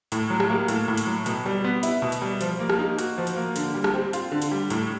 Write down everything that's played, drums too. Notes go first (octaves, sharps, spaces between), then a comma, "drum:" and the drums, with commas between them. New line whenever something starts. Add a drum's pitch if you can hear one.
A2, drum: hi-hat
F#3
drum: rim click
A#3
A2, drum: hi-hat
A2
drum: hi-hat
F#3
B2, drum: hi-hat
G3
B3
E4, drum: hi-hat
B2
drum: hi-hat
G3
F3, drum: hi-hat
A#3
drum: rim click
D#4
F#4, drum: hi-hat
F3
drum: hi-hat
A#3
D3, drum: hi-hat
G3
drum: rim click
C4
F4, drum: hi-hat
D3
drum: hi-hat
G3
A2, drum: hi-hat